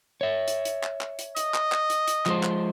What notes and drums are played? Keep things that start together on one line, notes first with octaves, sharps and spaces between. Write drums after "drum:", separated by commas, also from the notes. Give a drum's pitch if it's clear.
C#5 E5
drum: hi-hat
drum: hi-hat
drum: clap
drum: clap
drum: hi-hat
D#5, drum: hi-hat
drum: clap
drum: clap
drum: hi-hat
drum: hi-hat
F3 G#3 C5, drum: clap
drum: clap